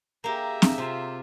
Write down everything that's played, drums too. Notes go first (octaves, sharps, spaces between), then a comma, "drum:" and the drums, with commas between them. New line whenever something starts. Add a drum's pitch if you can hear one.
A#3 G4 G#4 E5 A#5
drum: snare C4
C3 F4